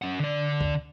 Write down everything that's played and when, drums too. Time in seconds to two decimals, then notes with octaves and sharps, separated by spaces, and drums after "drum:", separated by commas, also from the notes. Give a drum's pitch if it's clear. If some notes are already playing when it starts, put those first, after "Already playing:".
0.02 C#4 F#5
0.19 D3 D5
0.61 drum: kick C#2